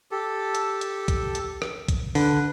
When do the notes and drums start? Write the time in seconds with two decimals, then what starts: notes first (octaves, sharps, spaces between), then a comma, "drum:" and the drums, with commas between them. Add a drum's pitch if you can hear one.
0.11 G4 A4 A5
0.55 drum: hi-hat
0.81 drum: hi-hat
1.08 drum: kick, hi-hat
1.35 drum: hi-hat
1.62 drum: rim click
1.88 drum: kick, hi-hat
2.15 D3 B4, drum: open hi-hat